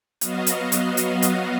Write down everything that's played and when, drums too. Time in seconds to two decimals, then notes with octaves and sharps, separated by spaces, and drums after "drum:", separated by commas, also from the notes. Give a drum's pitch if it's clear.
0.21 F#3 B3 F#4 D#5 F5, drum: hi-hat
0.47 drum: hi-hat
0.72 drum: hi-hat
0.97 drum: hi-hat
1.22 drum: hi-hat